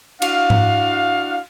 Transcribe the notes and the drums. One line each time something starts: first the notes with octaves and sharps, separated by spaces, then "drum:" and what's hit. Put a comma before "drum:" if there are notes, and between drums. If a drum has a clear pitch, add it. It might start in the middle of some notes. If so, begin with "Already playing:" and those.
D4 E4 F#4 F5, drum: cymbal
drum: tom G#2